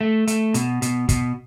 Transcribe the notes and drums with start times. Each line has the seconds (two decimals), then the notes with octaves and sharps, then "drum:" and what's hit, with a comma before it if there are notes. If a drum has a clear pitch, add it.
0.01 A3
0.28 A3, drum: hi-hat
0.54 B2, drum: hi-hat
0.82 B2, drum: hi-hat
1.09 B2, drum: kick, hi-hat